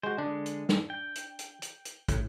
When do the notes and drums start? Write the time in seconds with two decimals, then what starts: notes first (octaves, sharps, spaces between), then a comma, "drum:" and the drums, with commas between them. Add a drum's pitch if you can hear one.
0.03 G#3 F#4 C5
0.18 D3 G#3 D4
0.46 drum: hi-hat
0.69 drum: snare
0.90 G5
1.15 drum: hi-hat
1.39 drum: hi-hat
1.62 drum: hi-hat
1.85 drum: hi-hat
2.08 A2, drum: kick, hi-hat